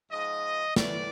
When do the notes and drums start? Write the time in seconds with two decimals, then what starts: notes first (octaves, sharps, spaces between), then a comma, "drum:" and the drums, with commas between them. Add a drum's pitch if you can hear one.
0.11 G#2 F3 D#5
0.76 A2 E3 D5, drum: snare